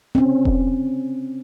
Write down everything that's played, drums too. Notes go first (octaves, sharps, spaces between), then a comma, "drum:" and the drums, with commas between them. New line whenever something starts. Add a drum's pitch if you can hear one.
C4 C#4
drum: kick E1